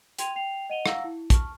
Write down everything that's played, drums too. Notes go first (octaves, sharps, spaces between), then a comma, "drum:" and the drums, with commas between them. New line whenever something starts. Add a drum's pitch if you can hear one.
G5 C6 G#6 D#7 F7, drum: hi-hat
G5 C7 F7
D#5 F#5 D#7 F7 G7
F5 F#5 A#5 E6 A#6, drum: rim click
E4
A5 C#6 F6, drum: kick, hi-hat